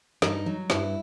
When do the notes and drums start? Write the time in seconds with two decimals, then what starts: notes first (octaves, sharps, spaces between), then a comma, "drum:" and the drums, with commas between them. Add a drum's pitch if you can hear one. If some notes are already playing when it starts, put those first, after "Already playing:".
0.22 G2 D#4, drum: snare
0.46 F#3
0.70 G2 E4, drum: snare